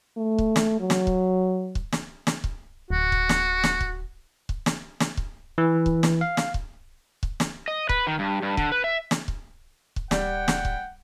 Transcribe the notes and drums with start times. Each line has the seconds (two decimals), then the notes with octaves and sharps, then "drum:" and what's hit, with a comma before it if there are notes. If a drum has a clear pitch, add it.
0.17 A3
0.38 drum: kick C#1
0.56 drum: snare
0.80 F#3
0.90 drum: snare
1.07 drum: kick C#1
1.75 drum: kick C#1
1.92 drum: snare
2.27 drum: snare
2.44 drum: kick C#1
2.91 D1 F#4
3.12 drum: kick C#1
3.29 drum: snare
3.63 drum: snare
3.81 drum: kick C#1
4.49 drum: kick C#1
4.66 drum: snare
5.00 drum: snare
5.17 drum: kick C#1
5.58 E3
5.86 drum: kick C#1
6.03 drum: snare
6.21 F5
6.37 drum: snare
6.54 drum: kick C#1
7.23 drum: kick C#1
7.40 drum: snare
7.68 D#5
7.89 B4, drum: kick C#1
8.07 D#3
8.19 G2
8.42 G2
8.57 D3, drum: kick C#1
8.72 B4
8.84 E5
9.11 drum: snare
9.28 drum: kick C#1
9.96 drum: kick C#1
10.11 D1 G3 F#5 G5, drum: snare
10.48 drum: snare
10.65 drum: kick C#1